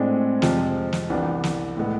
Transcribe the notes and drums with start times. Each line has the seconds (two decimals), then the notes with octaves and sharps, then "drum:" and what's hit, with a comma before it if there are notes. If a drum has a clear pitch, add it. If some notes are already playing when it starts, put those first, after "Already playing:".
Already playing: A2 G#3 C4 D4 G#4
0.42 F2 C3 F3 G#3, drum: snare
0.93 drum: snare
1.09 C2 C3 E3 B3 D4
1.44 drum: snare
1.77 A2 G#3 B3